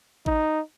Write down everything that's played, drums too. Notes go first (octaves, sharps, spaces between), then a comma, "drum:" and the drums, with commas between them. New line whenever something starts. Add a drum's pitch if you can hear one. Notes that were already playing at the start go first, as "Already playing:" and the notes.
D#4, drum: kick A1